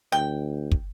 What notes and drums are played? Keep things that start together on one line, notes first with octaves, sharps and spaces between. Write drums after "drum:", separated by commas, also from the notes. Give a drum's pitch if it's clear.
D2 G5
drum: kick